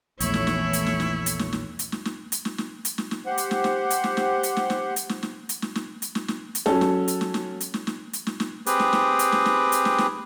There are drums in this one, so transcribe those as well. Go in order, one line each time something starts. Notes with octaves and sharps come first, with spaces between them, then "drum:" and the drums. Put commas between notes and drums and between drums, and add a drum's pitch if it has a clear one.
A#1 E2 E3 A3 E4 C#5, drum: hi-hat
drum: snare
drum: snare
drum: hi-hat
drum: snare
drum: snare
drum: hi-hat
drum: snare
drum: snare
drum: hi-hat
drum: snare
drum: snare
drum: hi-hat
drum: snare
drum: snare
drum: hi-hat
drum: snare
drum: snare
G4 C5 F#5
drum: hi-hat
drum: snare
drum: snare
drum: hi-hat
drum: snare
drum: snare
drum: hi-hat
drum: snare
drum: snare
drum: hi-hat
drum: snare
drum: snare
drum: hi-hat
drum: snare
drum: snare
drum: hi-hat
drum: snare
drum: snare
drum: hi-hat
F#3 C#4 A4, drum: snare
drum: snare
drum: hi-hat
drum: snare
drum: snare
drum: hi-hat
drum: snare
drum: snare
drum: hi-hat
drum: snare
drum: snare
C4 G4 G#4 B4, drum: hi-hat
drum: snare
drum: snare
drum: hi-hat
drum: snare
drum: snare
drum: hi-hat
drum: snare
drum: snare